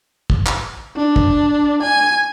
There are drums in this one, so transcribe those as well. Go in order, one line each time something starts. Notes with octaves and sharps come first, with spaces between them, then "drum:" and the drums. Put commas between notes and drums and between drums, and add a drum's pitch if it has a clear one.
drum: kick
drum: clap
D4
drum: kick
G#5